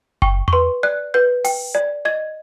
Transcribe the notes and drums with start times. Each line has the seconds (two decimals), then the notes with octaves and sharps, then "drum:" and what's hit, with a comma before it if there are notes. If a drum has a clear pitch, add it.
0.22 G5 C#6, drum: kick F#1
0.48 C#6, drum: tom E2
0.53 B4 C6
0.83 D5 F#6
1.14 B4 G6
1.45 G5, drum: open hi-hat
1.75 D5
2.05 D#5 G#6